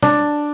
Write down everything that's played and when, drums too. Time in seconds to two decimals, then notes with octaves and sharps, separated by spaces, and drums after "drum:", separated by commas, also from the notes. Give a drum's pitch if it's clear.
0.03 D4, drum: snare